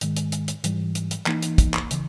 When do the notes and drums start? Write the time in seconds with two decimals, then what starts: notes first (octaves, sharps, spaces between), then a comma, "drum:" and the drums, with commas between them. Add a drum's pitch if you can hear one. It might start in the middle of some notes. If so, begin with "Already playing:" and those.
0.01 G#2 D#3 G#3, drum: hi-hat
0.17 drum: hi-hat
0.32 drum: hi-hat
0.48 drum: hi-hat
0.64 G#2 E3 G3, drum: hi-hat
0.95 drum: hi-hat
1.11 drum: hi-hat
1.26 E3 A#3 D#4, drum: clap
1.42 drum: hi-hat
1.58 drum: kick, hi-hat
1.74 drum: clap
1.91 C#3 E3, drum: hi-hat